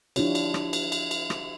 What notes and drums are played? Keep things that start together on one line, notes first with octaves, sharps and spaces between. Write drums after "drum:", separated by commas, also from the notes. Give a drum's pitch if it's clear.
F3 D4 E4 F4 G4 C#5, drum: cymbal
drum: cymbal
drum: rim click
drum: cymbal
drum: cymbal
drum: cymbal
drum: rim click